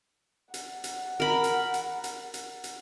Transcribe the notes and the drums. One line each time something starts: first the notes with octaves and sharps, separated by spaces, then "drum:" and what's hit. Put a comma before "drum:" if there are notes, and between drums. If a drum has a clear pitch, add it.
F#5, drum: hi-hat
drum: hi-hat
A#4 B5
drum: hi-hat
drum: hi-hat
drum: hi-hat
drum: hi-hat
drum: hi-hat